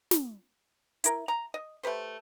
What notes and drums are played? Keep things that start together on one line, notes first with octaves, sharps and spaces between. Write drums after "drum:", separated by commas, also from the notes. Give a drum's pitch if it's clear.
drum: snare
E4 A#4, drum: hi-hat
A#5
D#5
A3 G4 B4 C5